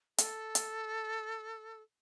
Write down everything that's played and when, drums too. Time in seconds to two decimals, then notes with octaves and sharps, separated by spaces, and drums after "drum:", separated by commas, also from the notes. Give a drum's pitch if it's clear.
0.18 A4, drum: hi-hat
0.55 drum: hi-hat